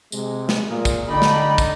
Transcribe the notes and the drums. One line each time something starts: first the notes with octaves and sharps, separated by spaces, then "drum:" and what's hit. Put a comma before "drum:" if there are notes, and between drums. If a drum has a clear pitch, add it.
C3 G#3, drum: tambourine
drum: snare
A#2 G#4 A#4
drum: kick, tambourine
D3 D#4 D5 D#5 G5 B5
drum: snare
drum: kick, tambourine